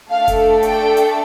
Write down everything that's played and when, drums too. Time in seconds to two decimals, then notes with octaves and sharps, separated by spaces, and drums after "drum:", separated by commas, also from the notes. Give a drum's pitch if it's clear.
0.10 A3 D4 A4 F5
0.28 drum: kick F1, hi-hat
0.63 G5, drum: hi-hat
0.97 drum: hi-hat